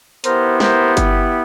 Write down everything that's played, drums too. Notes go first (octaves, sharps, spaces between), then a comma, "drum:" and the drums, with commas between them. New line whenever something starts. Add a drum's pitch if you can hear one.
B3 E4 G4 A#4 C5, drum: hi-hat
A#4 C5, drum: snare
drum: kick G1, hi-hat